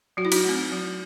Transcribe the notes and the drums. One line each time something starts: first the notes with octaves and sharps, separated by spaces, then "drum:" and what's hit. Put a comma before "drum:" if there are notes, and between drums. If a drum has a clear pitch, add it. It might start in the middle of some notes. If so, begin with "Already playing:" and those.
F#3 F#4
E4
D#4 F#4, drum: cymbal
A3 C4
F#3